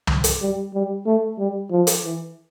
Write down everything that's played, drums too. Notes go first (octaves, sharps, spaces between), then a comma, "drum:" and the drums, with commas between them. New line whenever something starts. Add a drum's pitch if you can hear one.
drum: tom
drum: hi-hat
G3
G3
A3
G3
F3
drum: hi-hat
E3